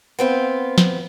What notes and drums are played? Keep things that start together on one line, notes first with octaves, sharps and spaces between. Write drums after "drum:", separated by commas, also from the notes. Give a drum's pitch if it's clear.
B3 C4 F4
drum: snare